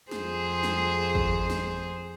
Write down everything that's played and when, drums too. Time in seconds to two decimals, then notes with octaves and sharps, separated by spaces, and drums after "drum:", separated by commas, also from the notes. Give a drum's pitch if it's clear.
0.11 F2 G#4 C5, drum: snare
0.63 drum: snare
1.15 drum: kick G#1
1.50 drum: snare